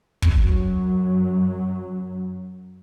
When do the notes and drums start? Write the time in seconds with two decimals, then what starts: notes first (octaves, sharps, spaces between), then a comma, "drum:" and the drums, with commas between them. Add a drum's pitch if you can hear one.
0.22 drum: kick
0.35 F#2 F#3